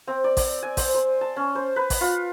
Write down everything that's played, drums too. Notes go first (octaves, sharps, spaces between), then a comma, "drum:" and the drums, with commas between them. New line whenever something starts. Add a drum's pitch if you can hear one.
C4
D5
D5, drum: kick, open hi-hat
G#5
C5, drum: kick, open hi-hat
C5
A5
C#4
C5
B4
drum: kick, open hi-hat
F4